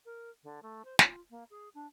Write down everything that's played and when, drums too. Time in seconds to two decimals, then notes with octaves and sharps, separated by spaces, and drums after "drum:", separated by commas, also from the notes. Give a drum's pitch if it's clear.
0.06 A#4
0.43 D3
0.62 A3
0.85 C5
0.99 F4, drum: snare
1.30 A#3
1.50 G#4
1.74 D4